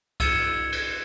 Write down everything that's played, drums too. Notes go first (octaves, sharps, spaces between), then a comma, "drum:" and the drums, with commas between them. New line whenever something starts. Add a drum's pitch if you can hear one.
E6 G#6 C#7 E7, drum: kick C2, cymbal
drum: cymbal